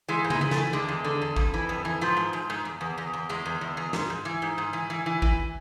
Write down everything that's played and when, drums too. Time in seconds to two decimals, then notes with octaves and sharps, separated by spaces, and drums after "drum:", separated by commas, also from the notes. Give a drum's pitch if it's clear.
0.08 E3 G#3
0.24 G#2
0.30 G#3, drum: tom C#3
0.41 E3
0.51 A3, drum: snare
0.56 E3
0.73 D3 G#3
0.88 E2
1.04 D3
1.22 E2
1.36 F2, drum: kick G#1
1.54 E3
1.69 F2
1.85 E3
2.01 G#2 F3
2.17 G#2
2.33 G#2
2.50 G#2
2.65 E2
2.81 E2
2.98 E2
3.13 E2
3.29 E2 G#3
3.46 E2
3.61 E2
3.77 E2
3.93 G#2, drum: snare
4.10 G#2
4.25 E3
4.42 G#2
4.58 G#2
4.73 E3
4.90 E3
5.06 E3
5.22 E3, drum: kick G#1